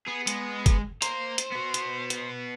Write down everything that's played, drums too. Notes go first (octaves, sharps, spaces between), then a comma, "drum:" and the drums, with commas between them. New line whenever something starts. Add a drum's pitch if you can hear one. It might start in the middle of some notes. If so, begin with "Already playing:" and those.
B3 G#4
G#3, drum: hi-hat
drum: kick, hi-hat
A#3 C5 A#5, drum: hi-hat
drum: hi-hat
B3 F#4
drum: hi-hat
drum: hi-hat